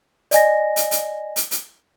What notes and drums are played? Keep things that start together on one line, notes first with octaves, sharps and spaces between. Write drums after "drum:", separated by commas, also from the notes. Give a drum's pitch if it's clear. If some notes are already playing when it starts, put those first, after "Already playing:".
D5 D#5 G#5 A#6, drum: hi-hat
drum: hi-hat
drum: hi-hat
drum: hi-hat
drum: hi-hat